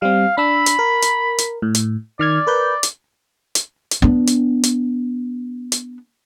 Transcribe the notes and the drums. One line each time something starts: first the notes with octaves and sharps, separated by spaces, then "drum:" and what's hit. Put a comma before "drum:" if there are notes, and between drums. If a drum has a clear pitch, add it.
G3 C4 F5
D4 B5 E6
drum: hi-hat
A#4
drum: hi-hat
drum: hi-hat
A2
drum: hi-hat
D#3 D5 F6 G#6
A#4 B4 G6
drum: hi-hat
drum: hi-hat
drum: hi-hat
B3 D4
drum: hi-hat
drum: hi-hat
drum: hi-hat